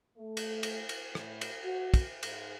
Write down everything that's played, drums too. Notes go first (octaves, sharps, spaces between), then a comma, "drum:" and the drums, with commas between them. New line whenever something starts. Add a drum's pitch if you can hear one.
A3
drum: cymbal
drum: cymbal
drum: cymbal
A2, drum: rim click
drum: cymbal
F#4
drum: kick, cymbal
G#2, drum: cymbal